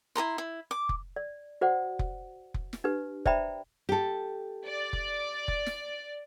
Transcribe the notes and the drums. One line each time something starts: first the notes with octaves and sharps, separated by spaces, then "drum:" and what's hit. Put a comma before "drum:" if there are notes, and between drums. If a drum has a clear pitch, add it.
E4 A#4 A#5 C6
E4
D6
drum: kick F1
D5
F#4 C5 D5 F#5
drum: kick F1
drum: kick F1
drum: snare
D4 G4 B4
C5 D5 E5 G5 A#5 B5, drum: kick F1
G4 A4
D5
drum: kick F1
drum: kick F1
drum: snare